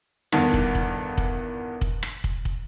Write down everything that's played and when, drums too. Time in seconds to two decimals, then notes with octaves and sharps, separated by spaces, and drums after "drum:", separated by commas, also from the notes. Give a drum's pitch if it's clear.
0.32 E2 G2 D3 D#3, drum: rim click
0.54 drum: kick
0.75 drum: kick
1.18 drum: kick
1.81 drum: kick
2.03 drum: rim click
2.24 drum: kick
2.45 drum: kick